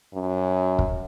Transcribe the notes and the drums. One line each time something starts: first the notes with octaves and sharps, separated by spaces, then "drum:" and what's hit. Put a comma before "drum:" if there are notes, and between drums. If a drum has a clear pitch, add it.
F#2
drum: kick